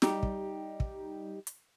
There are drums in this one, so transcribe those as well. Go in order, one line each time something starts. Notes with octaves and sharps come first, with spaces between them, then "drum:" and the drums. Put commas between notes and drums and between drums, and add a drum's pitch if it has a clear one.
G3 D#4 G4, drum: snare
drum: kick
drum: kick
drum: hi-hat